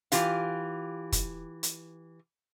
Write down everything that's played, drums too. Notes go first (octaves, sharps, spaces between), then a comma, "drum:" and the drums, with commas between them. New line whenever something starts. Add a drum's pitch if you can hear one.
E3 F4 G4 F5, drum: hi-hat
drum: kick, hi-hat
drum: hi-hat